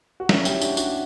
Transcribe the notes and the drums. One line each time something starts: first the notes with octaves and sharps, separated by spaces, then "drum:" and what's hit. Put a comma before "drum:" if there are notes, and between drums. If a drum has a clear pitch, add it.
F#4
C#4 E4, drum: snare
E4 G4, drum: tambourine
D4 F#4, drum: tambourine
D4 F#4, drum: tambourine